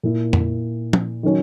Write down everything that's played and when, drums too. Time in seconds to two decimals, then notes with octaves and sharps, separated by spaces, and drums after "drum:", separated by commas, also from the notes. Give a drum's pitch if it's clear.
0.03 A#2 A#3 E4
0.33 drum: tom F2
0.93 drum: tom
1.23 D#3 F#3 C#4